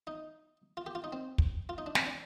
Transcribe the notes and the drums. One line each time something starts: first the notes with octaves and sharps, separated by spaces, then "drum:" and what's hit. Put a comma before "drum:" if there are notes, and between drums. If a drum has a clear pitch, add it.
D#4
F4
G4
F4
D#4
C4
drum: kick
F4
D#4
D4
C4, drum: snare
D4